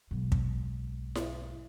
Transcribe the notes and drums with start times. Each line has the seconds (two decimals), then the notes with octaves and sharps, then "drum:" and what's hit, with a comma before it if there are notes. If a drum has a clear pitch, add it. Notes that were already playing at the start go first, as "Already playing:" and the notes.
0.11 B1 G#2
0.32 drum: kick
1.15 drum: snare E4